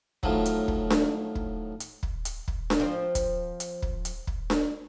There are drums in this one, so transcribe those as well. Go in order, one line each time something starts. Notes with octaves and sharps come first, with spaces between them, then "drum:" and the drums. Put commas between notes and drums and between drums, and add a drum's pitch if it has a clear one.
A2 D#3 F3 F#3, drum: kick
drum: hi-hat
drum: kick
drum: snare D4
drum: kick
drum: hi-hat
drum: kick
drum: hi-hat
drum: kick
drum: snare D4
F3 C4
drum: kick, hi-hat
drum: hi-hat
drum: kick
drum: hi-hat
drum: kick
drum: snare D4